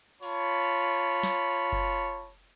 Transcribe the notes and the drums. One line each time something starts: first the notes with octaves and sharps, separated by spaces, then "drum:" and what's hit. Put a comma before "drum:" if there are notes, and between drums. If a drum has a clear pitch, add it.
F4 C#5 A5 B5, drum: cymbal
drum: snare
drum: kick F#1